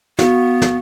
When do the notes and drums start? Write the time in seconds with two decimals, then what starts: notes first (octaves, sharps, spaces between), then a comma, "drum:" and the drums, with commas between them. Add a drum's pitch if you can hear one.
0.19 B3 F#4 F5, drum: snare
0.62 drum: snare